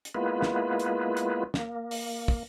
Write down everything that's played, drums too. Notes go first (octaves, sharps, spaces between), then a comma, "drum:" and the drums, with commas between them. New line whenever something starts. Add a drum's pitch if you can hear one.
drum: hi-hat
G#3 A#3 B3 E4 F4 B4
drum: snare
drum: hi-hat
drum: hi-hat
A#3, drum: snare
drum: open hi-hat
drum: kick